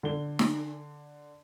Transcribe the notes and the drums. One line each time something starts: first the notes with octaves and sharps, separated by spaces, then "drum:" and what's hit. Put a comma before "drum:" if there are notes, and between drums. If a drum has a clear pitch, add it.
D3 G7
drum: snare